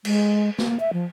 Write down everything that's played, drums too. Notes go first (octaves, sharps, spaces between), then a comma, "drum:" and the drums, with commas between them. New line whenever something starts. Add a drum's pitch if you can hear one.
G#3, drum: cymbal
A#3, drum: snare
E5
F3